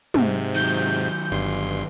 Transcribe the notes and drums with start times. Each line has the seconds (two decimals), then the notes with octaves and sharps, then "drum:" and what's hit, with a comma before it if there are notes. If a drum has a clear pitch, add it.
0.14 G#2 C3, drum: tom
0.56 D#3 F#3 G6
1.31 G1 G2 C6